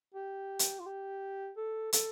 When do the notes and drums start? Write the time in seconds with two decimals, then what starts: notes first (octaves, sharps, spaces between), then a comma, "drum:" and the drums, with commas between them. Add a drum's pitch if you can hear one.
0.14 G4
0.59 drum: hi-hat
0.80 F4
0.86 G4
1.57 A4
1.93 A4, drum: hi-hat